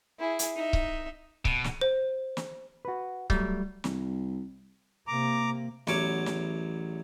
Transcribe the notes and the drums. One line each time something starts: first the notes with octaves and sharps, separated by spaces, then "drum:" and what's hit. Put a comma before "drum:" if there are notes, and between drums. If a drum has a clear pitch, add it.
E4 G#4
drum: hi-hat
D#4 E5
drum: kick C#1
B2, drum: kick C#1
drum: snare
C5
drum: snare
F#4 B4
F#3 G3 A3, drum: kick C#1
C2, drum: snare
C3 A#3 A#5 D6
A1 E2 F#3 C#5 D6, drum: snare
drum: snare